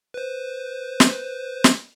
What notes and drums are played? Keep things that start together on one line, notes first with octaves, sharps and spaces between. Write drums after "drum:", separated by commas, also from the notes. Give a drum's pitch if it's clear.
B4 C5
drum: snare
drum: snare